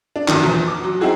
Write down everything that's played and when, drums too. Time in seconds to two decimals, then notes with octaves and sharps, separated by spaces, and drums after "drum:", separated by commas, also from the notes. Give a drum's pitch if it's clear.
0.16 D4
0.28 F#2 D3 D#3, drum: clap
0.42 E2 B2 E3 F3
0.67 D6
0.84 F#3
1.01 C4 D#4 E4 F#4 G#4